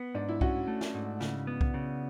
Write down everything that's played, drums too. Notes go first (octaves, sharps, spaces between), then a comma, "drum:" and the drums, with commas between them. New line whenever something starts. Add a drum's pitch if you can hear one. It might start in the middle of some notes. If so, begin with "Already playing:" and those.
Already playing: B3
G#2 D4
E4
C#4 F#4, drum: kick C2
A3
drum: snare
G#2
C#3, drum: snare
B3
drum: kick C2
C#3